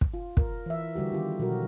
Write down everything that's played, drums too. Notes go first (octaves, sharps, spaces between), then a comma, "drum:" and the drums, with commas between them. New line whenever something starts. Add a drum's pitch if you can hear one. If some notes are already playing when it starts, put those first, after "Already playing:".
drum: kick
F4
A#4, drum: kick
E3 E5
D3 G3 F#4 G4
D#3 B3 F4 G4
B2 F3 F#3 F#4 A#4